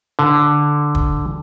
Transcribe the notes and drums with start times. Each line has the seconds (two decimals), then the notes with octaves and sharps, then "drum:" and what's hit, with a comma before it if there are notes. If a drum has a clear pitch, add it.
0.19 D3
0.95 drum: kick